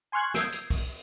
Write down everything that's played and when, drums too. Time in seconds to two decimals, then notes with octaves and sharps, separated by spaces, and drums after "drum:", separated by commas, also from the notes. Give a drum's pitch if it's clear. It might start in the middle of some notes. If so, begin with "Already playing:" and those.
0.12 G#5 C6 C#6 F6 F#6 G#6
0.34 D#6 E6 G6 G#6 C7 D7, drum: snare
0.52 drum: hi-hat
0.70 drum: kick, open hi-hat